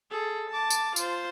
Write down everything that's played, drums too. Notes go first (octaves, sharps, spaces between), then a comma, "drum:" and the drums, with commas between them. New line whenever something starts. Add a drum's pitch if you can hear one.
G#4 A4
A5 D6
drum: tambourine
F4 C5, drum: tambourine